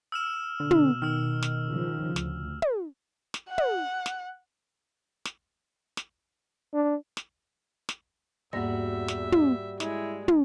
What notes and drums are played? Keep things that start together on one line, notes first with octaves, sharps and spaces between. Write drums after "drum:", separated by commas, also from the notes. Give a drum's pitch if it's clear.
E6 F6 E7
B2 D3
drum: tom
D#3 E6 F6
drum: snare
C#3 F3
D2, drum: snare
drum: tom
drum: snare
F#5
drum: tom
drum: snare
drum: snare
drum: snare
D4
drum: snare
drum: snare
E2 G#2 G3 A#3 F#4 E5 A#6
drum: snare
drum: tom
G#3 E4, drum: snare
drum: tom